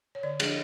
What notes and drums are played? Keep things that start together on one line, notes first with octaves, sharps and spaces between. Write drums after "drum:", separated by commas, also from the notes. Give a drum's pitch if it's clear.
C#5
D3 D5
F3 G#3 D4 G#4, drum: cymbal